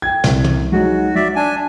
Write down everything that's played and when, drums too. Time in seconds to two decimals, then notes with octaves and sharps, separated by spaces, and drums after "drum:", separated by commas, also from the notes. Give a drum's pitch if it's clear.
0.02 G5 G#6
0.24 C2, drum: snare
0.44 drum: tom
0.72 F#3 G#3 D#4 F#4
1.15 F#3 D5 E5
1.36 D4 G#5